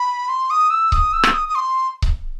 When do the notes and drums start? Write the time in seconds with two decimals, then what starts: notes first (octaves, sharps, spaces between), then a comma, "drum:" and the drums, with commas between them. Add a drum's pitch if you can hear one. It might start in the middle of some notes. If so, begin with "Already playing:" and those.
Already playing: B5
0.29 C6
0.50 D#6
0.70 E6
0.92 D#6, drum: kick C#1
1.13 E6
1.23 drum: rim click
1.34 D#6
1.49 D#6
1.55 C6
2.02 drum: kick C#1